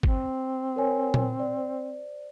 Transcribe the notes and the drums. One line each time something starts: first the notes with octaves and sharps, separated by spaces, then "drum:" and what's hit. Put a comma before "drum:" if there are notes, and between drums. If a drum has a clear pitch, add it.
C4, drum: kick G#1
A#4 C#5 G#5
drum: tom A#2
C5 D5